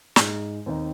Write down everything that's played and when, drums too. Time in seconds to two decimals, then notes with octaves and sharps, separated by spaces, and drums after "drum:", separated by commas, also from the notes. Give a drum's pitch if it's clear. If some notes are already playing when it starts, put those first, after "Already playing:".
0.16 G#2 G#3 D#4, drum: snare
0.66 D#2 D#3 C4 D#4